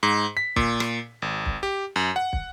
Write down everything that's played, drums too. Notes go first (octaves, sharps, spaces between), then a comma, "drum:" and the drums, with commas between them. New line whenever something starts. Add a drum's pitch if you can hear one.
G#2
B6
A#2, drum: kick
drum: rim click
G#1
drum: kick
G4
F#2
F#5
drum: kick